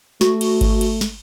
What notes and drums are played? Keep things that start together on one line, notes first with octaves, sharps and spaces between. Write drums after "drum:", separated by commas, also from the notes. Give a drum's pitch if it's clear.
A3 F#4, drum: snare
drum: cymbal
drum: kick G#1, cymbal
drum: cymbal
drum: snare